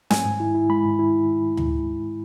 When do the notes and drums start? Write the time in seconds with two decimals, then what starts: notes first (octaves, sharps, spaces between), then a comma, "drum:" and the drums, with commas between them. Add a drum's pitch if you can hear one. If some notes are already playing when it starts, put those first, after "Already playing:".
0.11 G#2 G#5, drum: snare
0.25 G#2
0.40 E4
0.55 E4
0.69 G#3 B5
0.85 G#2
0.99 E4
1.57 drum: tom D2